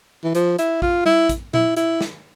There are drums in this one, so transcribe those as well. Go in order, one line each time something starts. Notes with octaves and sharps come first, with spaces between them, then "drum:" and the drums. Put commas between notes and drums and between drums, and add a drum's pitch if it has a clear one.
E3
F3, drum: hi-hat
E4, drum: hi-hat
F4, drum: kick A1
E4, drum: tom G3
drum: kick A1, hi-hat
E4, drum: tom A#2
E4, drum: hi-hat
drum: snare